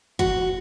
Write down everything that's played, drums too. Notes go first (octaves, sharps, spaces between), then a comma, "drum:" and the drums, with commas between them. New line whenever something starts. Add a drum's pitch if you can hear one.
F#4, drum: kick